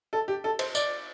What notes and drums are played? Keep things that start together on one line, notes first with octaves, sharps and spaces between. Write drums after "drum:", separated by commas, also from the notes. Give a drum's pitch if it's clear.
A4
G4
A4
C5, drum: cymbal
D5, drum: tambourine